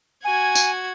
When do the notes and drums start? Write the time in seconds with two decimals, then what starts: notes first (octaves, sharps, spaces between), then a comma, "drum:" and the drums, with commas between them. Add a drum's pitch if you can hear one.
0.25 F#4 G#5 G#6
0.55 drum: tambourine